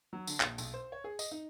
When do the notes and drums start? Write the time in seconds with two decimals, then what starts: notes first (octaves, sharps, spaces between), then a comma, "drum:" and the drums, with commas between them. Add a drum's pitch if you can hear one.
0.13 F#3
0.27 D3, drum: tambourine
0.40 A#1, drum: clap
0.58 B1, drum: tambourine
0.74 C5
0.92 C#5
1.04 G#4
1.19 D#5, drum: tambourine
1.32 D#4